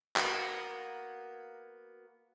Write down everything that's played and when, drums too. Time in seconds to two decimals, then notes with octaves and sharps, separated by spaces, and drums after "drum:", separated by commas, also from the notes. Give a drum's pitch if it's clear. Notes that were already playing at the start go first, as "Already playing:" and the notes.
0.16 A#3 B3 F#4, drum: clap